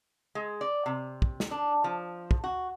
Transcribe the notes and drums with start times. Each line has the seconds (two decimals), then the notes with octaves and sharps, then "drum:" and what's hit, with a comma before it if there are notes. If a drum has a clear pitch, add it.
0.35 G#3
0.61 D5
0.86 C3
1.22 drum: kick
1.40 drum: snare
1.51 D4
1.84 F3
2.31 drum: kick
2.44 F#4